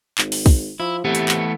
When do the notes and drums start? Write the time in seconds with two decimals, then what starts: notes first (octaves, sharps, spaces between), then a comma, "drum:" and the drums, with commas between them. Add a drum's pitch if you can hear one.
0.18 G#1, drum: clap
0.32 drum: open hi-hat
0.46 drum: kick B1, open hi-hat
0.80 F3 E4
1.05 C3 E3 A3 B3
1.15 drum: hi-hat
1.28 drum: clap